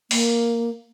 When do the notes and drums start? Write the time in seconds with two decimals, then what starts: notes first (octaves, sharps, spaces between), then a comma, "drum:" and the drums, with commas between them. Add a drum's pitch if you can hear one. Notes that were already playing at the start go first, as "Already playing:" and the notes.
0.11 A#3, drum: open hi-hat